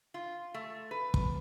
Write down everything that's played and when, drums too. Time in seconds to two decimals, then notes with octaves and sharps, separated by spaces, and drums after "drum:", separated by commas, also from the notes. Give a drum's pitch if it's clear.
0.14 F4
0.54 A3
0.91 B4
1.14 drum: kick